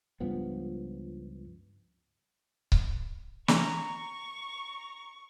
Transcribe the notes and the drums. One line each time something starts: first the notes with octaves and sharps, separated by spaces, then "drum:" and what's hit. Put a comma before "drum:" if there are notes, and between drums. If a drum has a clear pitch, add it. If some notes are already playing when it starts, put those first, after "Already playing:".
C#2 G2 F3 B3
drum: kick C#1
A#5 C#6, drum: snare